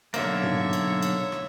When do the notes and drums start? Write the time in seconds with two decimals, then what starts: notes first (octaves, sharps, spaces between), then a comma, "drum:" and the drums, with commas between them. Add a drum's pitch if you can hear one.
0.14 B1 D3 A#3 C#5 E5, drum: cymbal
0.43 drum: tom G#2
0.73 drum: cymbal
1.03 drum: cymbal
1.32 drum: rim click